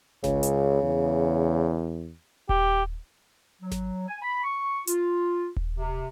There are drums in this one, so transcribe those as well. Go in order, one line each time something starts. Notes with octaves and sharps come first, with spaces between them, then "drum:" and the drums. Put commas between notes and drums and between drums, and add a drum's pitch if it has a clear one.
C#2 C#3, drum: snare G#1
drum: hi-hat
E2
G4, drum: kick D#1
F#3
drum: snare G#1
G#5
B5
C#6
F4, drum: hi-hat
drum: kick D#1
C3